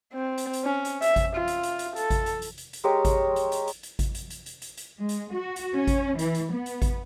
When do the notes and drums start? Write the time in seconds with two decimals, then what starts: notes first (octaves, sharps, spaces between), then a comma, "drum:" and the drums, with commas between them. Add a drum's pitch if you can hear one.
0.13 C4
0.38 drum: hi-hat
0.53 drum: hi-hat
0.64 C#4
0.85 drum: hi-hat
1.02 E5, drum: hi-hat
1.16 drum: kick G#1, hi-hat
1.36 F4
1.48 drum: hi-hat
1.63 drum: hi-hat
1.79 drum: hi-hat
1.96 A4, drum: hi-hat
2.10 drum: kick G#1, hi-hat
2.26 drum: hi-hat
2.42 drum: hi-hat
2.58 drum: hi-hat
2.73 drum: hi-hat
2.84 G#3 G4 A#4 C#5
3.05 drum: kick G#1, hi-hat
3.36 drum: hi-hat
3.52 drum: hi-hat
3.68 drum: hi-hat
3.83 drum: hi-hat
3.99 drum: kick G#1, hi-hat
4.15 drum: hi-hat
4.30 drum: hi-hat
4.46 drum: hi-hat
4.62 drum: hi-hat
4.77 drum: hi-hat
4.99 G#3
5.09 drum: hi-hat
5.32 F#4
5.56 drum: hi-hat
5.75 C#4
5.87 drum: kick G#1, hi-hat
6.19 E3, drum: hi-hat
6.35 drum: hi-hat
6.54 B3
6.66 drum: hi-hat
6.82 drum: kick G#1, hi-hat